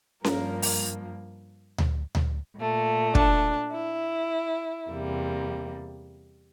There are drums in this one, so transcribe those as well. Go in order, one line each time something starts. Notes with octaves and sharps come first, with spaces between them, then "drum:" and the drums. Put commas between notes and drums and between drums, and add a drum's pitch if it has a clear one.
G2 F3 A#3 A#4, drum: snare C#4
drum: open hi-hat
drum: tom D2
drum: tom D2
A#2 A3
D4, drum: kick
E4
E2 C3 G3 A#3